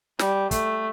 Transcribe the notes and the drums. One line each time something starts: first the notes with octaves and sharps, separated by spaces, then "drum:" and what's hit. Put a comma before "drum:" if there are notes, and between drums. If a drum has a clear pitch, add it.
G3, drum: snare
A3, drum: kick, hi-hat